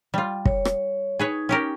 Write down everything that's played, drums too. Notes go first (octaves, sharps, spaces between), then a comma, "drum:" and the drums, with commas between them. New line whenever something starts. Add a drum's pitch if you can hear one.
G3 F4
C#5, drum: kick
drum: rim click
D#4 G#4 B4 C#5
C#4 G4 A#4